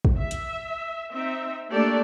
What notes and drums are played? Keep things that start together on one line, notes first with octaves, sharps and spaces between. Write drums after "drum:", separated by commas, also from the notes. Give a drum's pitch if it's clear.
drum: kick
E5
drum: hi-hat
C4 D#4 E5
A3 A#3 D4 G4 A4 D5